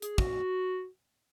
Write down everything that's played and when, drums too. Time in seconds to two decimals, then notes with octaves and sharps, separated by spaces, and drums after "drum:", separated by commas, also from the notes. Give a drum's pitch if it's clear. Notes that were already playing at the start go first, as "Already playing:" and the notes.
0.02 G#4, drum: hi-hat
0.18 F#4, drum: kick